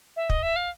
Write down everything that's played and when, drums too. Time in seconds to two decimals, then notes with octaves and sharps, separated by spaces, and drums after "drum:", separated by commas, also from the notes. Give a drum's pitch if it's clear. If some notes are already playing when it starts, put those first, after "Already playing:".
0.16 E5
0.30 D#5, drum: kick
0.43 E5
0.56 F5